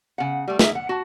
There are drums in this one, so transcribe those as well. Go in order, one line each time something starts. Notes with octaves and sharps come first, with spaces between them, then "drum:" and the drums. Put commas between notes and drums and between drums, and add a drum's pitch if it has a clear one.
C#3 F#5
G3 A3
D#4 G#4 E5, drum: snare
F#5
F#4 A5